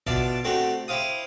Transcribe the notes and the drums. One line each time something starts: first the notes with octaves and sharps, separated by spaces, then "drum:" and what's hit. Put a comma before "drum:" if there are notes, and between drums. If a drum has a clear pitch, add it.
B2 D4 F4 D5 E5, drum: kick A1
A3 C4 D4 F#4 G4
E4 G4 C5 F5 D#6